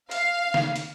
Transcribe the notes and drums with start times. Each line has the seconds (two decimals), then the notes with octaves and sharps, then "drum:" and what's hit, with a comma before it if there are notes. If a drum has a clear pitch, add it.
0.11 F5, drum: hi-hat
0.54 drum: snare
0.76 drum: hi-hat